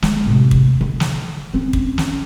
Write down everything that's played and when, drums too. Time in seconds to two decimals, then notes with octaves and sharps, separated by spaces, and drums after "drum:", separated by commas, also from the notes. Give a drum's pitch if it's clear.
0.02 G#3 A#3, drum: snare
0.26 A2 C3
0.51 drum: kick
0.81 D3
1.00 drum: snare
1.53 C4 C#4
1.73 drum: kick
1.98 drum: snare